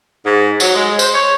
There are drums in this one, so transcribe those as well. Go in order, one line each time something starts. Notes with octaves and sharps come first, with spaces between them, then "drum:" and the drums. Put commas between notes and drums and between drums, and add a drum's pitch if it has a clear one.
G#2
F#3, drum: tambourine
G#3
C5, drum: tambourine
C#5